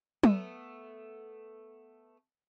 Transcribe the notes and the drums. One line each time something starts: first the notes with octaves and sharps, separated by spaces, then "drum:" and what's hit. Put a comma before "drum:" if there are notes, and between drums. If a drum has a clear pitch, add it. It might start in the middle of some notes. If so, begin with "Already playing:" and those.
A3 B3, drum: tom